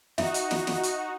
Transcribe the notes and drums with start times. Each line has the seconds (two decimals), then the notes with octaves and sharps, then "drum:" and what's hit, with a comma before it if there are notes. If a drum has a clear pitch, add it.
0.18 D#4 F#4 E5, drum: snare
0.34 drum: hi-hat
0.51 drum: snare
0.67 drum: snare
0.83 drum: hi-hat